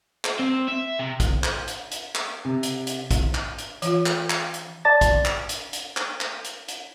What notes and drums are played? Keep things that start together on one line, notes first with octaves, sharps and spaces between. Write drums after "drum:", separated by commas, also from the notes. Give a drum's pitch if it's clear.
drum: clap
C4
E5
C3
drum: kick, hi-hat
drum: clap
drum: hi-hat
drum: hi-hat
drum: clap
C3
drum: hi-hat
drum: hi-hat
drum: kick, hi-hat
drum: clap
drum: hi-hat
E3 F4, drum: hi-hat
drum: clap
drum: clap
drum: hi-hat
D5 A5 A6
drum: kick, hi-hat
drum: clap
drum: hi-hat
drum: hi-hat
drum: clap
drum: clap
drum: hi-hat
drum: hi-hat